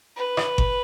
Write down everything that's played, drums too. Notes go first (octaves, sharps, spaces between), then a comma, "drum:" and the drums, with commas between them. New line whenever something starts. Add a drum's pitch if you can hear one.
B4
drum: rim click
drum: kick G1